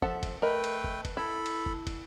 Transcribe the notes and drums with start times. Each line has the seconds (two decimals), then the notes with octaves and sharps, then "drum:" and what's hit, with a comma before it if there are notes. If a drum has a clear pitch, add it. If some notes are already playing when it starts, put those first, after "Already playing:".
0.02 F3 A4 E5 F#5, drum: kick
0.23 drum: kick, cymbal
0.42 A3 A#4 B4 D#5 G5 B5
0.64 drum: cymbal
0.84 drum: kick
1.05 drum: kick, cymbal
1.17 E4 A4 B5
1.46 drum: cymbal
1.66 drum: kick
1.87 drum: kick, cymbal